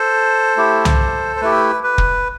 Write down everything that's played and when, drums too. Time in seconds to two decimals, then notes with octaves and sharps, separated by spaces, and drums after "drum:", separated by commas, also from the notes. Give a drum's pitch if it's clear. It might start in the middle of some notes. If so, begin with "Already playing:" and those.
Already playing: A4 C5
0.57 A3 E4 G4
0.85 drum: tom C2
1.36 C5
1.42 A3 E4 G4 B4
1.84 B4
1.98 drum: kick